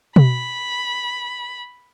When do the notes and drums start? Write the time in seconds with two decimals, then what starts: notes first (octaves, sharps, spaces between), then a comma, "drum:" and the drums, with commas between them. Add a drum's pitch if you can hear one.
0.16 B5, drum: tom B2